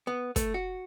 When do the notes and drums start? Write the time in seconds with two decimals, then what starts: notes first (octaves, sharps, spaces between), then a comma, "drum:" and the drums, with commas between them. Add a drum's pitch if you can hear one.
0.07 B3
0.36 A3, drum: kick, hi-hat
0.54 F#4